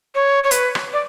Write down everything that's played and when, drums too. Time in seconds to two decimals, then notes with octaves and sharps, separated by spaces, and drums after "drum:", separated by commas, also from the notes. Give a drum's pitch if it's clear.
0.15 C#5
0.44 C#5
0.51 B4, drum: hi-hat
0.75 drum: rim click
0.93 D5